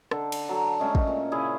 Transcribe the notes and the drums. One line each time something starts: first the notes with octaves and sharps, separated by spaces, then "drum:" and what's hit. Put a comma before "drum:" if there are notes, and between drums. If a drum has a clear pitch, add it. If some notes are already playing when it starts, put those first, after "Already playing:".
D3 A4, drum: rim click
drum: cymbal
F#3 A4 A5
G#3 A3 C#4
drum: kick
A#2
C#3 E4 G#4